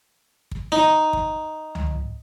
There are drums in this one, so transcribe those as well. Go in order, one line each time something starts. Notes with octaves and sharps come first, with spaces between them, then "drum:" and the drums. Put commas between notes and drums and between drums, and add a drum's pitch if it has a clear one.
drum: kick
D#4
drum: kick
drum: tom C#2